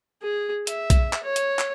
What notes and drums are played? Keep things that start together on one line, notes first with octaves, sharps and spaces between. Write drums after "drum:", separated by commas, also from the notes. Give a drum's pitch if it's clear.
G#4
E5, drum: hi-hat
drum: kick B1, hi-hat
drum: clap
C#5
drum: hi-hat
drum: clap